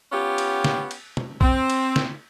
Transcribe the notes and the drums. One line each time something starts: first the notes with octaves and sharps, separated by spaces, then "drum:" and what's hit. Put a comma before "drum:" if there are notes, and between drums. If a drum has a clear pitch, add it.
B3 C#4 F4 G4
drum: cymbal
drum: snare
drum: cymbal
drum: tom
C4, drum: kick B1
drum: cymbal
drum: snare